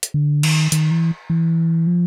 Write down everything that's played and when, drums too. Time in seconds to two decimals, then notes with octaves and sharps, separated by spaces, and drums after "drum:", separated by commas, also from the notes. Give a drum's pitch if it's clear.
0.03 drum: hi-hat
0.14 D3
0.43 D#3, drum: cymbal
0.72 D#3, drum: hi-hat
0.91 E3
1.30 E3
1.87 F3